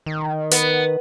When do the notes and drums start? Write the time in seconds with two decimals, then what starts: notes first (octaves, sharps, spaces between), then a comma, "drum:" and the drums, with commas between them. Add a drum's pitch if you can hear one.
0.06 D#3
0.51 B3, drum: hi-hat